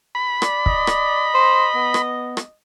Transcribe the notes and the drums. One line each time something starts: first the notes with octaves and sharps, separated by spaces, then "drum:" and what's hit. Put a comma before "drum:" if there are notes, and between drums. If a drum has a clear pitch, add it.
B5
D5, drum: rim click
D#5, drum: kick
drum: rim click
C5
B3
drum: rim click
drum: rim click